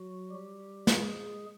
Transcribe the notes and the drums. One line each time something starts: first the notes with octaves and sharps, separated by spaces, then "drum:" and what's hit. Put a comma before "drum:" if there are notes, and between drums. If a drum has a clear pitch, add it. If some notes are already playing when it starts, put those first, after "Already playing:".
Already playing: F#3 F#4
G3 G4
G#3 G#4, drum: snare